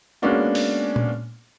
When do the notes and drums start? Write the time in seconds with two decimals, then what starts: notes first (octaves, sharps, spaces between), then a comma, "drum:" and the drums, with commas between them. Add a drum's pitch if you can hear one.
0.22 G#3 A#3 B3 C#4 D4 F#4
0.55 drum: open hi-hat
0.96 drum: tom A#2